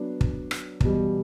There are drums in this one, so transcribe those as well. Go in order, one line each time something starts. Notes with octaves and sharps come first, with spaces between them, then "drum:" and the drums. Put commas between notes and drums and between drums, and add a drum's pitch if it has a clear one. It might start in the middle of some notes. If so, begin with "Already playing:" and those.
Already playing: F#3 B3 D4
drum: kick
drum: rim click
E2 B2 G3, drum: kick